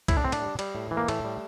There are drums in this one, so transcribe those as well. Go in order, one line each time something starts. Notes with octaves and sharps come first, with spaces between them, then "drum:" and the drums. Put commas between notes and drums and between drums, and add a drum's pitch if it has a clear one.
A2 E4, drum: kick C2, cymbal
D4
A2 C4
D4, drum: cymbal
G3
G3, drum: cymbal
A2
E3
A#3
A2 A3, drum: cymbal
G3